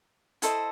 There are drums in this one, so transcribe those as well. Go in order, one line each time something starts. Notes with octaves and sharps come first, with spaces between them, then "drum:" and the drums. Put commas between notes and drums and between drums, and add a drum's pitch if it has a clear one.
E4 A4 C5 D#5, drum: hi-hat